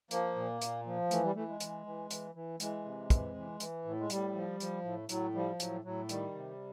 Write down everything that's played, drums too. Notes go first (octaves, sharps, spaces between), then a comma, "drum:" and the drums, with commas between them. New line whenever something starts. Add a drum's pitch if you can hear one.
F3 A#3, drum: hi-hat
A#2
A#2, drum: hi-hat
F3
E3 A3, drum: hi-hat
G3
E3 A3
G#3
E3, drum: hi-hat
E3
E3, drum: hi-hat
E3
E3 G#3, drum: hi-hat
C3
E3, drum: kick, hi-hat
E3
E3, drum: hi-hat
A2
G#3
A2 G3, drum: hi-hat
F3
F3, drum: hi-hat
A2
A2 F#3, drum: hi-hat
F3 G3
A2 F#3, drum: hi-hat
A2 F#3
D#3 G3, drum: hi-hat
C3